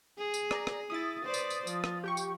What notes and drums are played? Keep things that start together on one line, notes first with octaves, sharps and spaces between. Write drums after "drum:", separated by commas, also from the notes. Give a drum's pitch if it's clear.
G#4
drum: tambourine
D5 A#5, drum: rim click
drum: rim click
E4 D#6 A6
B4 C5 D5
drum: tambourine
drum: tambourine
F3, drum: tambourine
drum: rim click
G4 G5 C#6
drum: tambourine